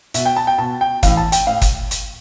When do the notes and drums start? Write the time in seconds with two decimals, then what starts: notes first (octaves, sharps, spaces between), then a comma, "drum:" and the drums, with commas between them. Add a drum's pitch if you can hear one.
0.14 B2 E5, drum: hi-hat
0.26 G5
0.37 A5
0.47 G5
0.58 B2 A5
0.81 G5
1.03 A2 E3 F5, drum: kick, hi-hat
1.17 A5
1.32 G5, drum: hi-hat
1.47 A2 F5
1.62 drum: kick, hi-hat
1.91 drum: hi-hat